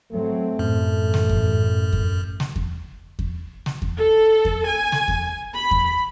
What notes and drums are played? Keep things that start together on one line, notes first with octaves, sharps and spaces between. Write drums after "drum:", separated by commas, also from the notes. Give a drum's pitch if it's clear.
F#3 A3 C4
A1 F#2
drum: snare
drum: kick E2
drum: kick E2
drum: snare
drum: kick E2
drum: kick E2
drum: snare
drum: kick E2
A4
drum: kick E2
G#5
drum: snare
drum: kick E2
B5
drum: kick E2